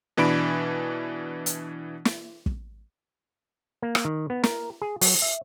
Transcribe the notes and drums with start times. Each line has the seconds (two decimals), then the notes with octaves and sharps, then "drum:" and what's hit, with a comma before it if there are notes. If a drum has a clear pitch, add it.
0.17 B2 E3 D4 B5 D7
1.46 drum: hi-hat
2.05 drum: snare
2.46 drum: kick
3.82 A#3
3.95 drum: rim click
4.05 D#3
4.30 B3
4.43 A#4, drum: snare
4.82 G#4
5.01 F#3, drum: open hi-hat
5.22 E5